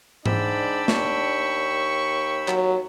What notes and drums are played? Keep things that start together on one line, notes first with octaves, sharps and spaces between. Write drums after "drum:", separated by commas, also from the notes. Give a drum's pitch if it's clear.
G#2 D4 D5 G5 B5 E6, drum: tom G#2
D#2 C#6, drum: snare
F#3, drum: clap